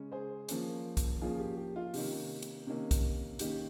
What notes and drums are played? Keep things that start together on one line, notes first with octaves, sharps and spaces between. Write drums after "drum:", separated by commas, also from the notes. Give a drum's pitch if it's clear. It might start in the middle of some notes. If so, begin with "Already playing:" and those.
Already playing: C#3 G#3 C#4
G#4 C5
F3 A#3 C#4, drum: hi-hat
drum: kick, hi-hat
F3 A#3 C#4 F4 G#4
G4
G4
F4
C3 D#3 A#3 C#4 G4, drum: open hi-hat
drum: hi-hat
C3 D#3 A#3 C#4
drum: kick, hi-hat
D#3 A#3 C#4 G4, drum: hi-hat